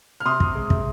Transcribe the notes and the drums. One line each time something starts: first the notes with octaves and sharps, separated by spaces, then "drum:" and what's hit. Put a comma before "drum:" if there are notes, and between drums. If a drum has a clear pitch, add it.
F6
C3 C6 D#6
C3, drum: kick
G#3
C3, drum: kick